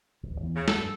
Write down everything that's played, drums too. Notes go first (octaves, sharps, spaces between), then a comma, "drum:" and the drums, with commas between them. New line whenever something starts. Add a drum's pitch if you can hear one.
D1 A1 E2
E2 E3 B3
C#3
F2 A4, drum: snare G#3
G2